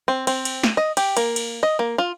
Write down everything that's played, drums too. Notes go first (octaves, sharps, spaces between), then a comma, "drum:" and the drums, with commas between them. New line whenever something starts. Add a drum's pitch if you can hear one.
C4
C4, drum: cymbal
drum: cymbal
drum: snare
D#5
G4, drum: cymbal
A#3, drum: cymbal
drum: cymbal
D#5
A#3
F4